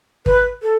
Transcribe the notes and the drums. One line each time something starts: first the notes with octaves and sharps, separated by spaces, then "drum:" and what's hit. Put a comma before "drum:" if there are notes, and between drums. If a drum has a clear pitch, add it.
B4, drum: kick
A4